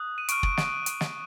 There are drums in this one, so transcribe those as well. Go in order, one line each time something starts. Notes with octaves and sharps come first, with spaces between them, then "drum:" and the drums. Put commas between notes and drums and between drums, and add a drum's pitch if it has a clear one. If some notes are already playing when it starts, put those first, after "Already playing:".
Already playing: D#6 F#6
D#7
C#6 F6 D7, drum: hi-hat
drum: kick
drum: snare
drum: hi-hat
drum: snare